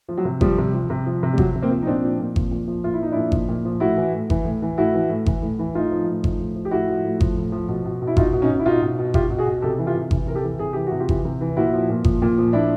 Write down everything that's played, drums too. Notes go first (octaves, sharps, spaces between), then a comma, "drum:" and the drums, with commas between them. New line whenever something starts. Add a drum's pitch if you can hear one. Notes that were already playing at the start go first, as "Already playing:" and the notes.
F3
F#3
C3
F3 G3, drum: kick G1
C3
F3
C3
F3
C3
G3
F3 F#3, drum: kick G1
C3
A#3 C4
F3
D#4
A#2 C4 D4
F3
A#2
F3, drum: kick G1
A#2
F3
A#2 F4
E4
F3 D#4
A#2 D4 E4
F3, drum: kick G1
A#2
F3
A2 E4 F#4
E3
A2
E3, drum: kick G1
A2
E3
A2 E4 F#4
E3
A2
E3, drum: kick G1
A2
E3
A2 D#4 F4
F3
A2
F3, drum: kick G1
A2
F3
G4
A2 E4 F#4
F3
A2
F3, drum: kick G1
A2
F3
B2
B2
B2
E4
B2 D#4 F4, drum: kick G1
B2
C#4 D#4
B2
E4
B2 D#4 F4
B2
B2
B2 F4 G4, drum: kick G1
B2
F#4 G#4
B2
C3 G4 A4
E3
F4 G4
C3
E3, drum: kick G1
C3 A#4
G4 A4
E3
C3 G#4
E3 G4
C3 F#4
F4 G4
E3, drum: kick G1
C3
E3
A#2 E4 F#4
F3
A#2
F3, drum: kick G1
A#2
F3
A#2 D4 E4